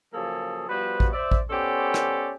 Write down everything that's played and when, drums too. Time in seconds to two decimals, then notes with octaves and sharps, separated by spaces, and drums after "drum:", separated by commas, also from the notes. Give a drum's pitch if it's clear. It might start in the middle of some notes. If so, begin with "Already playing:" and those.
0.14 C#3 F3 F#3 A#3 G#4 A4
0.69 F3 G3 B3 F#4 B4 C5
1.00 drum: kick A1
1.13 C5 D5 E5
1.31 drum: kick A1
1.50 B3 C#4 G4 A4 C5 D5
1.94 drum: rim click